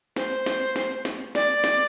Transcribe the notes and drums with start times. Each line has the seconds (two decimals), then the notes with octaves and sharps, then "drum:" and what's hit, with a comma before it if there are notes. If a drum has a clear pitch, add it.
0.16 C5, drum: snare
0.46 drum: snare
0.76 drum: snare
1.05 drum: snare
1.35 D5, drum: snare
1.64 drum: snare